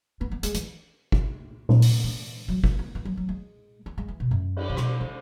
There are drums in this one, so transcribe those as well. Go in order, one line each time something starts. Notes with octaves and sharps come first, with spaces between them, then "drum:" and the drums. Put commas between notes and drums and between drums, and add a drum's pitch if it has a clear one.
B3
B3
G#3, drum: hi-hat
E3, drum: hi-hat
drum: kick
drum: tom A#2
drum: open hi-hat
E3
F#3
G#3, drum: kick
B3
B3
F#3
F#3
G#3
B3
G#3
E3
B2
F#2
drum: cymbal
C#3
B2, drum: rim click
C#3